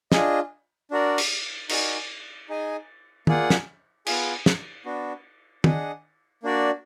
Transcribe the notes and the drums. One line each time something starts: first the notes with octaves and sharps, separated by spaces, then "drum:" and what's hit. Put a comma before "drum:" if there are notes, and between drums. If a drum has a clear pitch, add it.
D4 F4 G#4 D#5, drum: snare
D4 F#4 A#4 D5
drum: cymbal
D#4 F#4 A#4 D5 G#5, drum: cymbal
D#4 G#4 D#5 G#5
A#3 F4 G#4 D5 F#5, drum: tom
drum: snare
B3 F4 G#4, drum: cymbal
drum: snare
B3 D4 F#4
D4 G#4 D#5 F#5, drum: tom
A#3 D4 F#4 D5